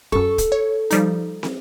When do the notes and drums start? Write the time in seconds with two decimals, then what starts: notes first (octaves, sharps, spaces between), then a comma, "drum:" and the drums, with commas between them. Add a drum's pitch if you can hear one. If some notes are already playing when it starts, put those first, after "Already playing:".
0.12 F#2 A4 C#6, drum: kick
0.38 drum: kick, hi-hat
0.52 C#5
0.91 F3 G3 D#4, drum: hi-hat
1.43 drum: snare